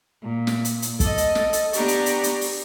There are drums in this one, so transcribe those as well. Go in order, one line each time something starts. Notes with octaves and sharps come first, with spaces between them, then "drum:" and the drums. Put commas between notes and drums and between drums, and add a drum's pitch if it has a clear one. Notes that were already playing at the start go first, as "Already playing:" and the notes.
A#2
drum: snare
drum: hi-hat
drum: hi-hat
A4 D#5, drum: kick, hi-hat
drum: hi-hat
drum: snare
drum: hi-hat
B3 D4 G4 A#5 C#6, drum: hi-hat
drum: hi-hat
drum: hi-hat
drum: hi-hat
drum: open hi-hat